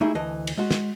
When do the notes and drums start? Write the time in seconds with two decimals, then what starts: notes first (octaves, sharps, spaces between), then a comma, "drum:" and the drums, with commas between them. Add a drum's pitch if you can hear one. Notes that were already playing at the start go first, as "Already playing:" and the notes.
0.01 A3 D#4 E4 G4 G#4
0.15 D2 E3 D#5 A5
0.47 drum: cymbal
0.57 G#3 F#4
0.71 drum: snare